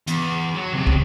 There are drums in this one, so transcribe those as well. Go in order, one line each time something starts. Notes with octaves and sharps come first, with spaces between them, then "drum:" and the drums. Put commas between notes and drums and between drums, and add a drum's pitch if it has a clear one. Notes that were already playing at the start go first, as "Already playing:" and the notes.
E2, drum: hi-hat
F#3
C#3 C4
drum: kick